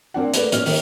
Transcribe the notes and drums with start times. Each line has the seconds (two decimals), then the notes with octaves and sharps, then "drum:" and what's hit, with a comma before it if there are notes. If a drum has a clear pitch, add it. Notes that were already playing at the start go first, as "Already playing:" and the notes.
0.14 A#3 C4 D4 F#5
0.34 A3 A#4 B4 D5, drum: hi-hat
0.52 A#2 C#4 F6, drum: hi-hat
0.66 D#3, drum: open hi-hat